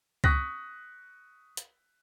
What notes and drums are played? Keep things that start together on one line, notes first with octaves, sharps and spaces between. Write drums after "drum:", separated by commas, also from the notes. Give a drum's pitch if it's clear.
C#6 D#6 F#6 A#6 B6, drum: kick
drum: hi-hat